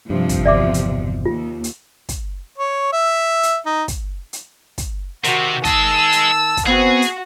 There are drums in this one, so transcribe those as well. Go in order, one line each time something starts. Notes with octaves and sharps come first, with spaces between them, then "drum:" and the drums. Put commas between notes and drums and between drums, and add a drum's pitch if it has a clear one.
G2 C3 F3
drum: kick, hi-hat
G1 E2 B2 D5 E5 D6
drum: hi-hat
D#2 F4
drum: hi-hat
drum: kick, hi-hat
C#5
E5
drum: hi-hat
D#4
drum: kick, hi-hat
drum: hi-hat
drum: kick, hi-hat
C3 D#3 F#4, drum: hi-hat
G#4 D#5 A5 E6, drum: kick, hi-hat
drum: hi-hat
drum: kick, hi-hat
B3 C4 F#4 G#4 F5
drum: hi-hat